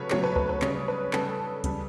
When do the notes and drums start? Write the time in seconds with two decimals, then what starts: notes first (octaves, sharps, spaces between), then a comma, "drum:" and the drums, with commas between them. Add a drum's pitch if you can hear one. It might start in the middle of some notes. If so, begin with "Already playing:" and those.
Already playing: C#3 F#3 A3 B4 C#5
0.10 C#3 F#3 A3 C#5, drum: clap
0.24 B4
0.36 B4, drum: kick C#2
0.49 B4
0.62 C#3 G3 C#5, drum: clap
0.88 B4
1.13 C#3 G3 A4, drum: clap
1.64 C#3 G3, drum: kick C#2, hi-hat